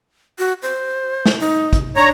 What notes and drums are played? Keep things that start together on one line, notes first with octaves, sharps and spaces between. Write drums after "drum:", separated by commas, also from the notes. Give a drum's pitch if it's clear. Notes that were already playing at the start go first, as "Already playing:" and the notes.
F#4
C5
drum: snare
D#4
drum: kick, hi-hat
D4 C#5 A#5